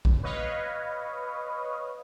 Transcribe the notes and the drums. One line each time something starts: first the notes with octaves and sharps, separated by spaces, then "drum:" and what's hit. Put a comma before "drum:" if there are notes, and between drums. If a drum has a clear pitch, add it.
drum: kick A#1
B4 C#5 D#5 F5